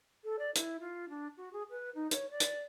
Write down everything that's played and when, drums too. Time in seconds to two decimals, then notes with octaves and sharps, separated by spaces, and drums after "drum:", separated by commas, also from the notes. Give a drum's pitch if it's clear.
0.24 A4
0.39 D5
0.55 E4, drum: hi-hat
0.80 F4
1.09 D4
1.37 F#4
1.52 G#4
1.70 B4
1.94 D#4
2.11 C#5, drum: hi-hat
2.30 D5
2.40 drum: hi-hat